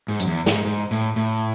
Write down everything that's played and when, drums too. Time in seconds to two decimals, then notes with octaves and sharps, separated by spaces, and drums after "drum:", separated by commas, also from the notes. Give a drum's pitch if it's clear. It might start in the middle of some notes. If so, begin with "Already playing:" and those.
0.08 G#2
0.20 F#2, drum: hi-hat
0.27 E2
0.46 G#2, drum: snare
0.65 G#2
0.91 A2
1.16 A2